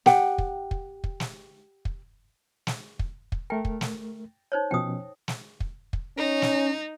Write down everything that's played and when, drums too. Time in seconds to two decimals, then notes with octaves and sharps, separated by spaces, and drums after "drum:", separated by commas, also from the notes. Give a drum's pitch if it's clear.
0.06 G4 F#5 G5, drum: snare
0.38 drum: kick
0.71 drum: kick
1.04 drum: kick
1.20 drum: snare
1.85 drum: kick
2.67 drum: snare
2.99 drum: kick
3.32 drum: kick
3.50 A3 A#4 G5
3.65 drum: kick
3.81 drum: snare
4.52 D#4 C5 C#5
4.71 B2 F3 C#4 G5 D#6
5.28 drum: snare
5.60 drum: kick
5.93 drum: kick
6.17 C#4 D#4
6.42 drum: snare